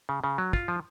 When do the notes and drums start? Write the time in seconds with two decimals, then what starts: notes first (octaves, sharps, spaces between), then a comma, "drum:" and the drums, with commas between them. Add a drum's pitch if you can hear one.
0.09 C#3
0.24 C#3
0.38 F#3
0.53 F4, drum: kick
0.68 F3